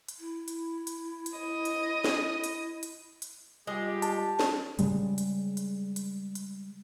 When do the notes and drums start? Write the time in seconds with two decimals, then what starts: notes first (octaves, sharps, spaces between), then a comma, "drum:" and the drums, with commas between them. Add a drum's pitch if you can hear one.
0.09 drum: hi-hat
0.20 E4
0.48 drum: hi-hat
0.87 drum: hi-hat
1.26 drum: hi-hat
1.38 D#5
1.65 drum: hi-hat
2.04 drum: snare
2.44 drum: hi-hat
2.83 drum: hi-hat
3.22 drum: hi-hat
3.67 G3 G#3 F4 G4
4.02 A5, drum: hi-hat
4.40 drum: snare
4.79 C#3 G3 G#3, drum: hi-hat
5.18 drum: hi-hat
5.57 drum: hi-hat
5.96 drum: hi-hat
6.35 drum: hi-hat